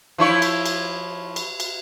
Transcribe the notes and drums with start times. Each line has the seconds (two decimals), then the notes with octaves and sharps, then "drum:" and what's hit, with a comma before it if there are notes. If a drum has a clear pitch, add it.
0.18 F3 E4 C#5
0.42 drum: cymbal
0.66 drum: cymbal
1.36 drum: cymbal
1.60 drum: cymbal